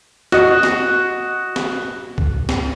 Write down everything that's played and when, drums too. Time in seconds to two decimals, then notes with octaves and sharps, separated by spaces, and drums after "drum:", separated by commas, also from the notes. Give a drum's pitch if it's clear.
0.32 F#4 D#5, drum: snare
0.63 drum: snare
1.56 drum: snare
2.18 drum: kick C#2
2.49 drum: snare